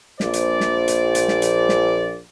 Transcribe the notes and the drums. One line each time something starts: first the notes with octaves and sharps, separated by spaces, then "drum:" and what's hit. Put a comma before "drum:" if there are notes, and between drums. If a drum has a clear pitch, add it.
A#1 C5 D5, drum: snare
drum: hi-hat
drum: snare
drum: hi-hat
drum: hi-hat
drum: snare
drum: hi-hat
drum: snare